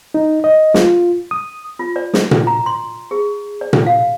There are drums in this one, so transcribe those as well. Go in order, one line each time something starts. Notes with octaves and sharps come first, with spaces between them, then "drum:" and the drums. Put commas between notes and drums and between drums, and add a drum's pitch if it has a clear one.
D#4
D#5
F4, drum: snare
D#6
F4
D5
drum: snare
drum: tom A#2
A#5
C6
G#4
D5
drum: tom A#2
F5